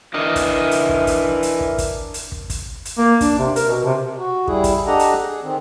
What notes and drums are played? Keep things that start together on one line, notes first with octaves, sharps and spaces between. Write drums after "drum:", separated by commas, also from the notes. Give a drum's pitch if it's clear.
E3 D4 A#4 D#5
drum: kick, hi-hat
drum: hi-hat
drum: kick
drum: kick, hi-hat
drum: hi-hat
drum: kick
drum: kick, hi-hat
drum: hi-hat
drum: kick
drum: kick, hi-hat
drum: hi-hat
A#3
D4, drum: kick, hi-hat
C3
A#4, drum: hi-hat
B2
C3
F#4
G3 E4 G#4, drum: kick
drum: kick, hi-hat
D4 G4 A4 D#5 F#5 A#5
drum: hi-hat
G#4
D#3 C4